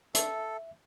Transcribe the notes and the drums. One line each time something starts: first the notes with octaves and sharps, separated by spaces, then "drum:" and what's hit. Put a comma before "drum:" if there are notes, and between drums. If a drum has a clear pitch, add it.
A4 E5, drum: hi-hat